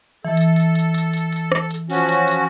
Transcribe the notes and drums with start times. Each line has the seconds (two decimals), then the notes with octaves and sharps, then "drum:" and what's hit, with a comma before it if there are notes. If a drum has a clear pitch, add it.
0.25 E3 A4
0.37 drum: hi-hat
0.56 drum: hi-hat
0.75 drum: hi-hat
0.94 drum: hi-hat
1.13 drum: hi-hat
1.33 drum: hi-hat
1.52 drum: rim click
1.71 drum: hi-hat
1.90 F3 C#4 F#4, drum: open hi-hat
2.09 drum: hi-hat
2.28 drum: hi-hat